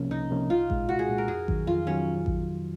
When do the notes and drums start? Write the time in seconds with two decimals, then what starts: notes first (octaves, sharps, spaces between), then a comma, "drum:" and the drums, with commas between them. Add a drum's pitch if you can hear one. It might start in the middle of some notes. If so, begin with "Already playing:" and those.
Already playing: C2 C3 F3 A#3 C#4
0.11 C2 D#4
0.30 C3 F3 A#3 C#4
0.50 C2 F4
0.70 A#2 G#3, drum: kick A1
0.89 C2 F#4
0.99 G#4
1.08 A#2 G#3
1.18 A#4
1.28 F2 G#4
1.48 D#3 F#3, drum: kick A1
1.67 F2 F4
1.86 D#3 F#3 C#4
2.26 drum: kick A1